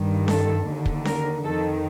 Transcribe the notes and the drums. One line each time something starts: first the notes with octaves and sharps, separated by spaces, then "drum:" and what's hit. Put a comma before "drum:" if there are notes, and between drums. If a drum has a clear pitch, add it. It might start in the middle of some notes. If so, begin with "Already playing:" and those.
Already playing: G2 D#3
A4, drum: snare C#4
D#2 D3
drum: kick
A#4, drum: snare C#4
F2 D#3 A4